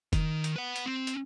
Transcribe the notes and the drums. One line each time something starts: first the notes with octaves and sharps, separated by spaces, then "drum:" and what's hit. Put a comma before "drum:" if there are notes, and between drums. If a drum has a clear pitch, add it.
D#3, drum: kick F1, hi-hat
drum: hi-hat
B4 F#5
drum: hi-hat
C4
drum: hi-hat